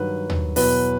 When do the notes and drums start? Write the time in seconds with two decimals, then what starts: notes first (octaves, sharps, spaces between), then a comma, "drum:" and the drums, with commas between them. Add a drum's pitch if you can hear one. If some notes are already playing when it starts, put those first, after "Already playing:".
Already playing: G2 D#3 F#3 B4
0.30 drum: tom D#2
0.56 E2 B2 F#3 B4, drum: open hi-hat